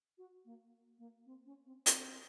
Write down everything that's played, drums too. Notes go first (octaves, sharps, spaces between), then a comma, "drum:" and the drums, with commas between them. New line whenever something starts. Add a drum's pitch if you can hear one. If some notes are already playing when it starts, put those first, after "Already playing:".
F#4
A#3
A#3
C4
C#4
C4
C4, drum: hi-hat